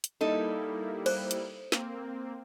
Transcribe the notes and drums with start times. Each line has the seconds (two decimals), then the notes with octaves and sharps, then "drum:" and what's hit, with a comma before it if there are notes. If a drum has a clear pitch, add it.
0.04 drum: hi-hat
0.21 G3 A#3 D#4 E4 A4
1.06 C5, drum: cymbal
1.31 drum: hi-hat
1.72 A#3 C4, drum: snare